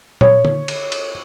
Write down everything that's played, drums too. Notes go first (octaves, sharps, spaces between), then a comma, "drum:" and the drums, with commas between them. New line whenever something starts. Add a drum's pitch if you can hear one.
C#5, drum: tom A#2
drum: tom D3
drum: cymbal
drum: cymbal